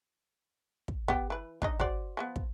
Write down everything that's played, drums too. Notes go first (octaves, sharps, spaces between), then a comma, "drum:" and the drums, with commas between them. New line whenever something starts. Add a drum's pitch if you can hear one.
drum: kick
B3 G4, drum: kick
E3 B4
D4 D#4 D#5, drum: kick
F#4 C5 D5, drum: kick
F3 G#3 B3
drum: kick